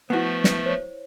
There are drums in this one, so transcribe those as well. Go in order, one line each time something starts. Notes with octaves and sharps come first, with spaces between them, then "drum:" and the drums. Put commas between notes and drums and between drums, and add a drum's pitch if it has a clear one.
F3 A3 B3 E4 F#4 F#5
drum: snare
C5 C#5